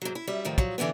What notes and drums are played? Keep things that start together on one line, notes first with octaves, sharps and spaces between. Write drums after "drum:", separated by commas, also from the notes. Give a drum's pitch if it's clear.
G#2 F#3
E4
F#2 G3 E5
F2 A2 D#3 F3
F3 F#3, drum: kick
D3 E3 F3 G#3 B3